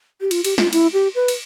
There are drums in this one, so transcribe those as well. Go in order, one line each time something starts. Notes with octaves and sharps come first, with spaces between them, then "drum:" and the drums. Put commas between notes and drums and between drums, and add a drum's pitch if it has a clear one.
G4
F4, drum: cymbal
G4, drum: cymbal
F4, drum: snare
E4, drum: cymbal
G4
B4
drum: cymbal